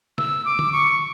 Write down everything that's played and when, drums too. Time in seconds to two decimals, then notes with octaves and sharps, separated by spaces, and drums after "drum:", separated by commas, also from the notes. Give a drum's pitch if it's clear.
0.18 E6, drum: snare
0.45 D6
0.59 drum: tom D3
0.73 C#6